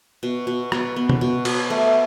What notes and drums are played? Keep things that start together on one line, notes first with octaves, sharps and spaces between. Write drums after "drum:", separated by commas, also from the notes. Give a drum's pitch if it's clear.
B2
B2
B2, drum: rim click
B3
drum: tom
B2
B2, drum: cymbal
A3